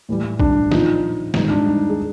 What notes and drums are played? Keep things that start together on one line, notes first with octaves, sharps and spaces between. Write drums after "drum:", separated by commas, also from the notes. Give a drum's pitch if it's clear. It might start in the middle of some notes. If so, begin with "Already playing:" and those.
A2 E3 G3
D4, drum: kick
A#2 F3 D#4, drum: snare
G#2 D#3 G3 D#4, drum: snare
D4
D#4
G#4